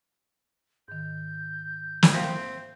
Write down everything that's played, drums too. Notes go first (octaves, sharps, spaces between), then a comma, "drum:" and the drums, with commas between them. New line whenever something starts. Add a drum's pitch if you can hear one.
G#2 D#3 G6
drum: snare
C4 E5 F5 G5